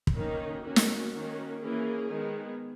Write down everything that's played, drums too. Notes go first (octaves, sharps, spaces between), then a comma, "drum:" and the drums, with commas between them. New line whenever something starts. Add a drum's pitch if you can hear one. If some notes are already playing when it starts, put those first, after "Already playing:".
drum: kick
D#3 A#3 C#4 D#4
D#3 A#3 C#4 F#4
drum: snare
D#3 A#3 C#4
E3 A#3 C#4 G#4
D#3 G#3 B3